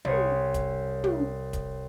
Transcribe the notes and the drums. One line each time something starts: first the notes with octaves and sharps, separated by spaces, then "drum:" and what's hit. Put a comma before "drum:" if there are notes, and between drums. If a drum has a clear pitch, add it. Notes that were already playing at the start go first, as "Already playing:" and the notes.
C2 G#4 C#5, drum: tom
drum: kick, hi-hat
drum: tom
drum: kick, hi-hat